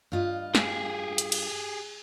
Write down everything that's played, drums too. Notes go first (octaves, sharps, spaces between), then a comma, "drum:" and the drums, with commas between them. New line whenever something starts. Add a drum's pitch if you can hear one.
G2 F4 D#5
G4 G#4, drum: snare
drum: hi-hat
drum: cymbal